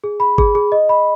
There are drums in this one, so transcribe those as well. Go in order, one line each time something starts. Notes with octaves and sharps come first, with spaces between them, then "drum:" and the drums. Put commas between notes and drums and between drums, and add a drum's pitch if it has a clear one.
G#4
B5
G#4, drum: kick G#1
G#4
D#5
B5